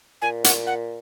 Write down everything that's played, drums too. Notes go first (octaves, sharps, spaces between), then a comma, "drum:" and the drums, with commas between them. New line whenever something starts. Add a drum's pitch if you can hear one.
A#2 G#5
F#5, drum: hi-hat
F#5